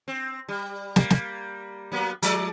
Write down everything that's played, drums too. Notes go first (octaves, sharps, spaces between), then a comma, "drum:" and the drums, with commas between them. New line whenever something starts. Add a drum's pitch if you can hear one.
C4
G3
G3 A#3, drum: snare
drum: snare
F#3 A#3 B3
F3 G#3 D5, drum: hi-hat